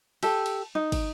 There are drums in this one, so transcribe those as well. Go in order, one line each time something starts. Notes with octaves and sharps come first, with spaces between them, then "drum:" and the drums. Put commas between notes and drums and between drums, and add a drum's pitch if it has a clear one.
G4 A4, drum: cymbal
drum: cymbal
D#4
drum: kick, cymbal